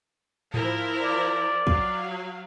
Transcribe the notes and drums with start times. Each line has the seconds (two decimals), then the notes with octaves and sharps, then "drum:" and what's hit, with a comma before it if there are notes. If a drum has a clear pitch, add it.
0.54 F3 E4 A#4, drum: tom G#2
1.02 D5
1.67 F#3 F5, drum: kick